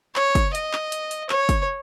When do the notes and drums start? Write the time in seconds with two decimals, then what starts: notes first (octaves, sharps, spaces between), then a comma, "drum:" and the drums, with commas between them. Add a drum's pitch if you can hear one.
0.16 C#5, drum: clap
0.35 drum: kick, hi-hat
0.55 D#5, drum: hi-hat
0.73 drum: clap
0.92 drum: hi-hat
1.11 drum: hi-hat
1.30 C#5, drum: clap
1.49 drum: kick, hi-hat